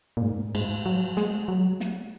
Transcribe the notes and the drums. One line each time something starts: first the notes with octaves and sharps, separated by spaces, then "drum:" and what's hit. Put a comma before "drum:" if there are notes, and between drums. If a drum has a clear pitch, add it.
A#2
G#2
G#2, drum: cymbal
F#3
G#3, drum: snare
F#3
drum: snare